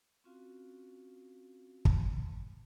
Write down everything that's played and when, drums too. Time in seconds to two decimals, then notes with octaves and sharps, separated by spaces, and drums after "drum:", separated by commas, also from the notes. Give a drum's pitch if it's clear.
0.24 C4 C#4 F4 F#4 F5
1.85 drum: kick